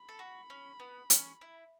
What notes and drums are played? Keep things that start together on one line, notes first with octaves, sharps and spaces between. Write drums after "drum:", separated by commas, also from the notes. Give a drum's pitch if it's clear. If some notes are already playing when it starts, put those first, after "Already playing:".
Already playing: B5
A4
F#4
C#4
B3
C#4, drum: hi-hat
E4